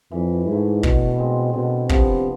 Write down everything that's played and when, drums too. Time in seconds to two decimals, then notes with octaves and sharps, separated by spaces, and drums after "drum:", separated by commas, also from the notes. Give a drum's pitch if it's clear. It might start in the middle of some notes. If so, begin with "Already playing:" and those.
0.11 F2 E3
0.47 G#2 A3 E4
0.83 B2 D3, drum: kick
1.18 G#3 C4
1.54 B2 D3
1.89 C3 F3 B3, drum: kick